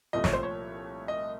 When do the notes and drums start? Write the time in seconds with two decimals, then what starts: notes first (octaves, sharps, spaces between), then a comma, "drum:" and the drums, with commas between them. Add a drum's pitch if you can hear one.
0.13 C2 A#2 F3 A3 D#5
0.24 C#5, drum: snare
0.33 C5
0.43 C#5
1.08 D#5